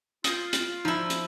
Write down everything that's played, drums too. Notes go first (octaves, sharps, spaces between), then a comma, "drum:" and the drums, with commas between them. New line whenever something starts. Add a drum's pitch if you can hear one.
F4 D#6 G6, drum: hi-hat
drum: hi-hat
F3 D#4 E4 C7
drum: hi-hat